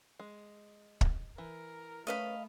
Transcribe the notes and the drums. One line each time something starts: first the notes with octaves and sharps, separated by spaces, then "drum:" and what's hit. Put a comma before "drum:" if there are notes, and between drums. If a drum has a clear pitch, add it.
G#3
drum: kick
E3 A#4
A3 C#4 B4 D#5 F5 B5